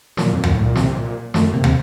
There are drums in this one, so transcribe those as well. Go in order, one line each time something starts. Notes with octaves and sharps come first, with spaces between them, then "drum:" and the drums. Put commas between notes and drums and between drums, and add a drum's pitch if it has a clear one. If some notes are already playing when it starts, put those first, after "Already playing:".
A#2 F#3, drum: snare
F2
F#2, drum: tom
A2
A#2
C3, drum: snare
A#2
F#2 A3, drum: snare
C3 A#3
drum: tom